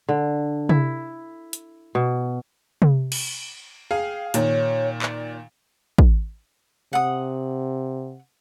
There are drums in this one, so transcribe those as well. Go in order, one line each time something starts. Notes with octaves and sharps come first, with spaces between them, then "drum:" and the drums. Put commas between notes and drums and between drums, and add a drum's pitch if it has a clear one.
D3
E4, drum: tom C3
drum: hi-hat
B2
drum: tom C3
drum: cymbal
G#4 F5 G5
A#2 D#3 C#5, drum: hi-hat
D5, drum: clap
drum: kick
C3 F#5 D#6